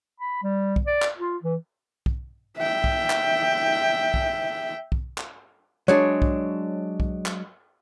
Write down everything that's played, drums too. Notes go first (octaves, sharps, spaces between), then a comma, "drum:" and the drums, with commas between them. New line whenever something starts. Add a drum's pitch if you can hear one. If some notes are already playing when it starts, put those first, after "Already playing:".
B5
G3
drum: kick B1
D5
drum: clap
F4
E3
drum: kick B1
E5 G5
drum: kick B1
drum: clap
drum: kick B1
drum: kick B1
drum: clap
F#3 G#3 D4 C#5
drum: kick B1
drum: kick B1
drum: clap